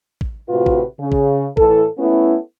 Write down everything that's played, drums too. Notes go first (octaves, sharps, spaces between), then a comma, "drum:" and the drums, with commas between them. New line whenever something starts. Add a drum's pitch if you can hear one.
drum: kick
A2 C3 F4 F#4 B4
drum: kick
C#3
drum: kick
A2 E3 A4, drum: kick
A3 B3 C#4 E4